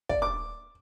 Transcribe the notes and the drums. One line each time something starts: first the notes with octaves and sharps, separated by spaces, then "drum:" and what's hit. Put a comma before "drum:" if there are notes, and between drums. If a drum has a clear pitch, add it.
D5, drum: kick
D6